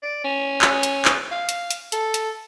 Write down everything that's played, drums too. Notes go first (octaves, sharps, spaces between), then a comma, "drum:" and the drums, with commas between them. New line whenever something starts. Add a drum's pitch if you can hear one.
D5
C#4
drum: clap
drum: hi-hat
drum: clap
F5
drum: hi-hat
drum: hi-hat
A4, drum: hi-hat
drum: hi-hat